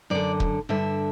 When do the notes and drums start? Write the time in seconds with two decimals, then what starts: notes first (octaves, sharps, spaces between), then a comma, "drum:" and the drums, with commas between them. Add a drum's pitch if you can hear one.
0.10 F#2 D3 D5
0.40 drum: kick
0.69 G2 D3 E5